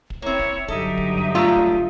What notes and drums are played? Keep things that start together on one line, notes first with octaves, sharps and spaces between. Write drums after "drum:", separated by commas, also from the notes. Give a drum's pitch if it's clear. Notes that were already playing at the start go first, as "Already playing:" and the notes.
drum: kick
A#3 C4 E4 C#5
drum: kick
G2 D3 F#3 D#4 G4 A4 E5, drum: kick
drum: kick
A3 F4 D5 A#5
drum: kick